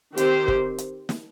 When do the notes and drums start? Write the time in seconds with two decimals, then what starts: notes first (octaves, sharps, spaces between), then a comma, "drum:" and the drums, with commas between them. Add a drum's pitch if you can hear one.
0.17 D#3 C4 G4 C5, drum: hi-hat
0.48 drum: kick
0.78 drum: hi-hat
1.09 drum: snare